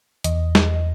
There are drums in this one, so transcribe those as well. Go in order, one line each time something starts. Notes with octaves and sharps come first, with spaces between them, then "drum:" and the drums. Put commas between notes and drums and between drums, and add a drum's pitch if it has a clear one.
E2 D#5, drum: hi-hat
drum: snare